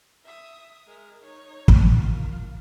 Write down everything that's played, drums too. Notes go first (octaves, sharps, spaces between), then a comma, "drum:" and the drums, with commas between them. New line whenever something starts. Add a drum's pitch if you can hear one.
E5 D#6
G#3 A#4
D#4 C#5
drum: kick
F4 A#4